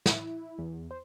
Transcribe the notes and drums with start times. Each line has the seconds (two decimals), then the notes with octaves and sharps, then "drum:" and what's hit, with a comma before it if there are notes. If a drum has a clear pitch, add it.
0.06 E4, drum: snare
0.58 E2
0.91 C5